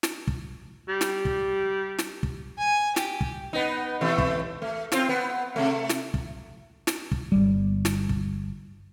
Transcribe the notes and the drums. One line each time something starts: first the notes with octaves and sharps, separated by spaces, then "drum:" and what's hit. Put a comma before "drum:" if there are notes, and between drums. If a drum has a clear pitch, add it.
drum: snare
drum: kick
G3
drum: snare
drum: kick
drum: snare
drum: kick
G#5
G4, drum: snare
drum: kick
B3 D#4
B2 E3 A3
drum: kick
A3
C4 F4, drum: snare
B3
C3 A3
drum: snare
drum: kick
drum: snare
drum: kick
G1 G3
drum: snare
drum: kick